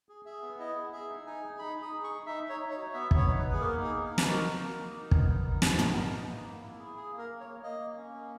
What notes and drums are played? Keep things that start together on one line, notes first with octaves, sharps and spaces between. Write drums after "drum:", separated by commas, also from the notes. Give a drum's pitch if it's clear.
G#4
G#4 E5
B3
E4 D#5
G#4
G#4 E5
D#4
D#4 G#5
G#4
D#4 B5
D#4
D#6
G#4
C#6
D#4
D#4 E5
D#4
C#5
D#4
C#5
F#4
B3 E5
B3, drum: kick
C#5
D#4
B4
B3
G#4
A#3 A#4
D#4
G#4
A#3
A#4
D#4
B4, drum: snare
F#4 A#4
A#3
A#3
D#4
D#4
B3, drum: kick
D#4
D#4
B3, drum: snare
B3, drum: tom
D#4
B3
A#3
A#3
E4
G#4
G#4
A#3
A#4
A#3
C#5
A#3
A#3 D#5
A#3
C#4
A#3